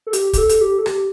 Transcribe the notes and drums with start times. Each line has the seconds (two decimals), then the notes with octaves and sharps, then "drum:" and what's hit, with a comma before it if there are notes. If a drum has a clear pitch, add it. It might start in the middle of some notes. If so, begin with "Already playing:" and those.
0.07 A4
0.13 G4, drum: hi-hat
0.33 G4, drum: kick, hi-hat
0.37 A4
0.49 drum: hi-hat
0.61 G4
0.79 A4
0.86 G4, drum: rim click